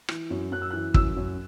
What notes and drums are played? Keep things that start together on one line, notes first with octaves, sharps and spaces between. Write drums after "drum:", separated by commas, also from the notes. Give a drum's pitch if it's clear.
E3, drum: rim click
F#2
F#2 F#6
E6
E3 F#6
F#2 E6, drum: kick
F#2